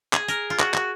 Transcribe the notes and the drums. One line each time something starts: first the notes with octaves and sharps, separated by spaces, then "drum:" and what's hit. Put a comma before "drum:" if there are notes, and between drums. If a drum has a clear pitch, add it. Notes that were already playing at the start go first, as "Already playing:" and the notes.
G#4, drum: clap
A#4, drum: hi-hat
F4
F#4, drum: clap
F#4, drum: clap